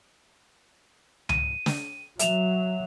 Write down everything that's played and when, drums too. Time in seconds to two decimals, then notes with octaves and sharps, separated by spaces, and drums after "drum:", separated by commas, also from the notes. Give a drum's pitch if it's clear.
1.29 D#7, drum: tom C#2
1.66 drum: snare
2.19 F#3 E5 E7 F7, drum: hi-hat